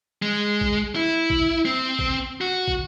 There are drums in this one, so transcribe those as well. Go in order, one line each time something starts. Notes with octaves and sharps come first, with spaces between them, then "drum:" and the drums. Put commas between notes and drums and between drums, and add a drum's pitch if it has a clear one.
G#3
drum: kick
E4
drum: kick
C4
drum: kick
F#4
drum: kick